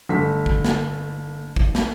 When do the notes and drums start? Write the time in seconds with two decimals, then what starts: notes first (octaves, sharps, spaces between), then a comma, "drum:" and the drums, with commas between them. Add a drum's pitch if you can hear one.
0.09 G1 A3 B6
0.46 drum: kick
0.65 drum: snare
1.56 drum: kick
1.75 drum: snare